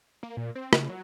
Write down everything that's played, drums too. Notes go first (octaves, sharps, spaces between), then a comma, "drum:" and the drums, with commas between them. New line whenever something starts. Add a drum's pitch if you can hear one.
A#3
A#2
C4
C#3, drum: rim click
F#3